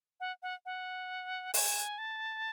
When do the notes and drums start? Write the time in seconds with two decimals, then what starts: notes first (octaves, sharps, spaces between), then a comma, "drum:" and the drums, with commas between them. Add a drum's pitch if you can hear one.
0.20 F#5
0.42 F#5
0.65 F#5
1.54 G#5, drum: open hi-hat
1.98 A5